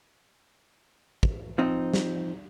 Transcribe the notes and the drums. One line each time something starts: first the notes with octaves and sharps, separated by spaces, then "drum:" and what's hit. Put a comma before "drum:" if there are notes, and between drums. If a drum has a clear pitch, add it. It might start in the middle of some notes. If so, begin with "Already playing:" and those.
drum: kick
F3 C4 D#4
drum: snare